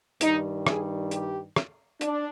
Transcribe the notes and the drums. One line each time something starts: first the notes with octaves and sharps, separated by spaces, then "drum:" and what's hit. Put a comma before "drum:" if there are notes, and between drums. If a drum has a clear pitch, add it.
G2 D#3 G3 D#4, drum: hi-hat
G#4, drum: rim click
G4, drum: hi-hat
drum: rim click
D4, drum: hi-hat